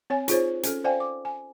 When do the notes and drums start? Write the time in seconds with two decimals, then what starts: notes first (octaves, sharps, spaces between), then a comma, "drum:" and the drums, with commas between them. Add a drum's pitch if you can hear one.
0.10 C4 C#5 G#5
0.28 D#4 F4 G#4 C5 C#5, drum: hi-hat
0.63 C#4 A4, drum: hi-hat
0.84 C5 D5 F5 G5 G#5
1.00 D6
1.25 G#5